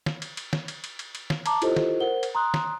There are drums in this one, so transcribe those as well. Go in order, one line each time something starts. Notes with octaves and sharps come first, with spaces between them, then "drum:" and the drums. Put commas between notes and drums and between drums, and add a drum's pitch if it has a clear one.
drum: snare
drum: cymbal
drum: cymbal
drum: snare
drum: cymbal
drum: cymbal
drum: cymbal
drum: cymbal
drum: snare
A5 A#5 D6, drum: cymbal
E4 F4 G4 A4 C5 D#5, drum: cymbal
drum: snare
A#4 C5 F#5 G7
drum: cymbal
A#5 C6 D#6 F#6
drum: snare